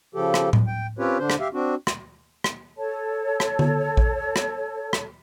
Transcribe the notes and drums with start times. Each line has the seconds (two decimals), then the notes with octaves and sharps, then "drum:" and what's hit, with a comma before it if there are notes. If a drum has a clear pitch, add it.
0.15 C#3 F3 G4 A4
0.34 drum: rim click
0.53 drum: tom A2
0.67 G5
0.99 C4 C#4 F4 G4 B4 C#5
1.19 D3 D4 C5
1.30 drum: rim click
1.39 G4 E5 F5
1.53 C4 D4 F#4
1.87 drum: rim click
2.44 drum: rim click
2.77 A4 C#5 A5
3.40 drum: rim click
3.59 drum: tom D3
3.97 drum: kick A1
4.36 drum: rim click
4.93 drum: rim click